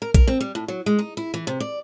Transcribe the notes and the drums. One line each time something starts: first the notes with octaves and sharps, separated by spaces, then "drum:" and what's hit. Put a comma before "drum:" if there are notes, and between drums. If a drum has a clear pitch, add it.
A#4
A#4, drum: kick A#1, hi-hat
C4
G3
A2
F#3
G#3
D#4
E4
E3
C3
D5